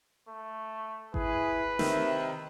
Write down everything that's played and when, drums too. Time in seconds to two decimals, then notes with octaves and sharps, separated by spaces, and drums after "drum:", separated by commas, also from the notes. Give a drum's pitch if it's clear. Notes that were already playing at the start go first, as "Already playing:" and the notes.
0.28 A3
1.14 E4 G#4 B4, drum: kick G#1
1.79 C3 D#3 E5, drum: snare